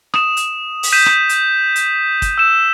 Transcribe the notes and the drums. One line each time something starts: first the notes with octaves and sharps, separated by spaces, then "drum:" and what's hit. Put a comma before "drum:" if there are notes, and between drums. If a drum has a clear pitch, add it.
D#6 E7, drum: rim click
drum: hi-hat
drum: open hi-hat
G6 B6 D#7 E7
drum: rim click
drum: hi-hat
drum: hi-hat
drum: kick, hi-hat
E6 E7